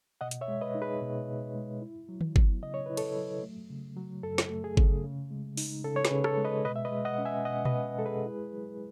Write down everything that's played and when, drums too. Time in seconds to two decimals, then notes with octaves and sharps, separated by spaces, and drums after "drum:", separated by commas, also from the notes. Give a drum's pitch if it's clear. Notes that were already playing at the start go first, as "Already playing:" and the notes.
0.21 B2 D#5 F#5
0.31 drum: hi-hat
0.41 C#5 E5
0.48 G#3
0.61 B4 D#5
0.75 D#4
0.81 G#4 B4
1.02 B2
1.29 B2
1.55 G#3
1.82 E4
2.09 F#3
2.21 drum: tom D#3
2.36 B3, drum: kick G1
2.62 C#3 D#5
2.74 C#5
2.86 E4 B4
2.97 A4 C#5, drum: cymbal
3.16 F#3
3.43 A3
3.70 C#3
3.97 F#3
4.23 F#2 A4
4.38 drum: snare
4.50 A3
4.64 G#4
4.77 C#3, drum: kick G1
5.04 C#3
5.31 G#3
5.57 D#4, drum: open hi-hat
5.84 C#3 A4
5.96 C#5
6.05 G#4 B4, drum: snare
6.11 C#3
6.24 A4 C#5, drum: rim click
6.38 G#3
6.45 B4 D#5
6.65 B2 B4 D#5
6.76 E5
6.85 B4 D#5
6.91 G#3
7.05 D#5 F#5
7.18 C#4
7.25 E5 G#5
7.45 B2 D#5 F#5
7.65 B4 D#5, drum: tom B2
7.72 B2
7.99 G#3 A4
8.06 G#4 B4
8.26 E4
8.52 F#3